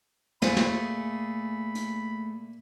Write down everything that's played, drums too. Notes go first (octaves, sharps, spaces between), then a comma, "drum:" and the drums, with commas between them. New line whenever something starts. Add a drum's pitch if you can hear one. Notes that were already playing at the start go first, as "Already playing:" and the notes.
A#2 A3 G#4 B5, drum: snare
drum: snare
drum: hi-hat